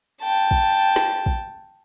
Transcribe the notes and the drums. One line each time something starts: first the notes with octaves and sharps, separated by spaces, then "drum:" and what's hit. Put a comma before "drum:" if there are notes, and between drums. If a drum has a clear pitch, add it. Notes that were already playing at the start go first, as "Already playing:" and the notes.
G5 A5
drum: kick
drum: snare
drum: kick